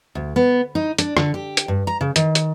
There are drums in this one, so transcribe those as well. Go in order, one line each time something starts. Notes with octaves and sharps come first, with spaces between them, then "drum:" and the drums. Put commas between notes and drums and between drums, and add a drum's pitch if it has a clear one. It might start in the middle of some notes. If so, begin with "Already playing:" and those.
D2
B3
D#4
D4, drum: hi-hat
D3, drum: rim click
G4
drum: hi-hat
G2
A#5
C#3
D#3, drum: hi-hat
drum: hi-hat